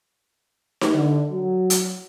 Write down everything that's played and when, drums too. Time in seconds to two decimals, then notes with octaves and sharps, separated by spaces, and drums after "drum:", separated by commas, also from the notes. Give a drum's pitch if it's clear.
0.81 drum: snare D#4
0.94 D3
1.31 F#3
1.70 drum: hi-hat